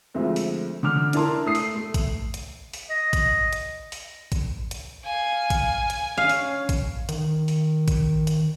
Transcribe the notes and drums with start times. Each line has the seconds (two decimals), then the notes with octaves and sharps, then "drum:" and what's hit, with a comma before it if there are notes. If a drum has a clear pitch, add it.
0.14 D2 F3 G#3 A3 C4
0.36 drum: open hi-hat
0.83 D3 D6 F6 F7
1.13 D4 E4 A#4 A5 C6, drum: hi-hat
1.46 A3 D#6 C7
1.55 drum: open hi-hat
1.75 A3
1.94 drum: kick, hi-hat
2.34 drum: hi-hat
2.73 drum: open hi-hat
2.90 D#5
3.13 drum: kick, hi-hat
3.53 drum: hi-hat
3.92 drum: open hi-hat
4.32 drum: kick, hi-hat
4.71 drum: hi-hat
5.04 F5 G#5
5.50 drum: kick, hi-hat
5.90 drum: hi-hat
6.18 C#4 F5
6.29 drum: open hi-hat
6.69 drum: kick, hi-hat
7.09 D#3, drum: hi-hat
7.48 drum: open hi-hat
7.88 drum: kick, hi-hat
8.27 drum: hi-hat